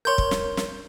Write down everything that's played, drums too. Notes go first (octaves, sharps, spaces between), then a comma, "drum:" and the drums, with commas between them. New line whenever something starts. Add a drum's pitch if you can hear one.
A#4 C#5 C6 G6
drum: kick
drum: snare
drum: snare